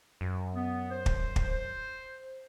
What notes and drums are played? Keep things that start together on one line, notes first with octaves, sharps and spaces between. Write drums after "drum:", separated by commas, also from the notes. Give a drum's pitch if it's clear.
F#2
B3
C5
drum: kick
drum: kick